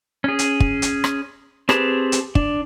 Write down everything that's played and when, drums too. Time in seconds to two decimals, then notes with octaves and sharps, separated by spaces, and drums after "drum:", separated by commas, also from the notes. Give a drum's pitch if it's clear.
0.24 C#4 G#4
0.39 drum: hi-hat
0.60 drum: kick
0.82 drum: hi-hat
1.04 drum: rim click
1.69 C4 G4 G#4 B4 A5, drum: rim click
2.12 drum: hi-hat
2.35 D4, drum: kick